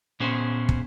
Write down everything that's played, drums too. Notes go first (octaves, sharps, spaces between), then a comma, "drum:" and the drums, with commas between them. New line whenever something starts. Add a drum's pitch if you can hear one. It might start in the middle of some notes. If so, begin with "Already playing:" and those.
A#2 B3 C#4 G#4 C5
drum: kick